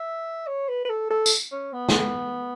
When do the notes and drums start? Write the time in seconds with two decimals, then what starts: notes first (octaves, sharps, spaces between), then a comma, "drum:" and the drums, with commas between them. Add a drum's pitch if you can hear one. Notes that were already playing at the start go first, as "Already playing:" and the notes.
Already playing: E5
0.47 C#5
0.68 B4
0.85 B4
0.89 A4
1.10 A4
1.26 drum: tambourine
1.52 C#4
1.73 B3
1.89 drum: snare